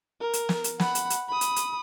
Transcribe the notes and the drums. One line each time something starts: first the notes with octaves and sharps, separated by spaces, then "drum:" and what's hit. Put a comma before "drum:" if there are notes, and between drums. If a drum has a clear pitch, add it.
A#4
drum: hi-hat
drum: snare
drum: hi-hat
F#5 B5, drum: snare
drum: hi-hat
drum: hi-hat
B5 D#6
drum: hi-hat
drum: hi-hat